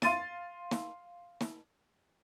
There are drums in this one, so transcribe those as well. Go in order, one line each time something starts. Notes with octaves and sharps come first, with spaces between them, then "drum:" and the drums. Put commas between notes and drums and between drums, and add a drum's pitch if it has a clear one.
F5 C6 A6 D#7, drum: snare
drum: snare
drum: snare